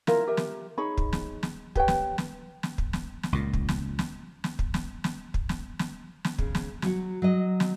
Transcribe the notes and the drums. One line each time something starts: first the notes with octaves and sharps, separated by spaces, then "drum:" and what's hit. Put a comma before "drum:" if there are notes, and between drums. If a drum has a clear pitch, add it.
E4 F4 A#4 F5, drum: snare
G4 A#4 E5
drum: snare
D#4 G#4 C#5 B5
drum: kick
drum: snare
drum: snare
G4 B4 C#5 G5, drum: kick
drum: snare
drum: snare
drum: snare
drum: kick
drum: snare
drum: snare
C#2 A#2
drum: kick
drum: snare
drum: snare
drum: snare
drum: kick
drum: snare
drum: snare
drum: kick
drum: snare
drum: snare
drum: snare
C#3, drum: kick
drum: snare
F#3 F#4, drum: snare
F#3 D#5
drum: snare